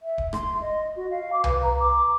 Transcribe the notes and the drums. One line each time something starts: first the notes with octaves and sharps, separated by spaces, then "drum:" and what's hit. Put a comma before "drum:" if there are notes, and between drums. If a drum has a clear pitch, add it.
E5
drum: kick D1
C6, drum: rim click
D#5
F#4
F5
D6
B4, drum: tom C2
A#5
D6